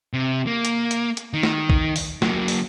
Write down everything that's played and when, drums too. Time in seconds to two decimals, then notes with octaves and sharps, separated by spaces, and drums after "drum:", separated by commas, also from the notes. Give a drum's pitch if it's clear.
0.13 C3
0.47 A#3
0.65 drum: hi-hat
0.91 drum: hi-hat
1.17 drum: hi-hat
1.33 D#3
1.43 drum: snare
1.69 drum: kick A#1
1.96 drum: open hi-hat
2.22 F#3 A#3, drum: snare
2.48 drum: open hi-hat